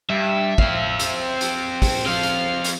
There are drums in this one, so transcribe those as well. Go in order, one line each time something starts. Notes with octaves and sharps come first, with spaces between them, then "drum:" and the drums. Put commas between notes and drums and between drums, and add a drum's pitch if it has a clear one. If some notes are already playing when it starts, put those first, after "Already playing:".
G2 E5
C4 F5, drum: kick
drum: hi-hat
drum: hi-hat
drum: kick, open hi-hat
F3 C4 F5
drum: hi-hat
drum: hi-hat